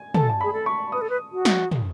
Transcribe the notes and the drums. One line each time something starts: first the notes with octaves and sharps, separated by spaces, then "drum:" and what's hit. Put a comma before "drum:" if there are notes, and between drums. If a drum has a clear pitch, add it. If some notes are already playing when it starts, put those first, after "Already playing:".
Already playing: G#5
A4 A5, drum: tom
A5
G#4 B5
A4
C#6
B4 D#6
A4
B4
F#4
drum: snare
drum: tom